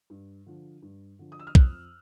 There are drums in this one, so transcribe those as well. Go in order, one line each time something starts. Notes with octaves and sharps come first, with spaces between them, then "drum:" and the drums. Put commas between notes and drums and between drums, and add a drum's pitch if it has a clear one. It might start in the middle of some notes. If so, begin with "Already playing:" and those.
G2
D3 F3
G2
D3 F3
D#6
E6
F6
F2 F#6, drum: kick